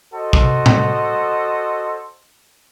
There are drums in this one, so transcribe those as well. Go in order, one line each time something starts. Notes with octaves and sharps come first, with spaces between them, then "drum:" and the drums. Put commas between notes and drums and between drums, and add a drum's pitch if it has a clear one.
F#4 A4 C5 D#5
drum: kick
drum: tom A2